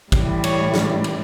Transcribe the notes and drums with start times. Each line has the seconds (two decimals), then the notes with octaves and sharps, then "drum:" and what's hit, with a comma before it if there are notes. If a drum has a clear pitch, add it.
0.12 A2 E3 G3, drum: kick G#1, cymbal
0.44 C#5, drum: cymbal
0.74 drum: snare
1.04 drum: cymbal